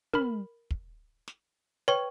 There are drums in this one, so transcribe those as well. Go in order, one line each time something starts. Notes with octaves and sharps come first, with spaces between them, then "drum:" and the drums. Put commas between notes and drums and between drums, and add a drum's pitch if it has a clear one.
A#4 B5, drum: tom
drum: kick
drum: snare
B4 C#5 G5 C#6